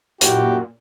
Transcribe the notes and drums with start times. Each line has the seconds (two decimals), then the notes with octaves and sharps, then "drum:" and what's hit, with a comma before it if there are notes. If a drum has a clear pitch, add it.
0.21 F#2 A#2 E4 F#4 G4, drum: hi-hat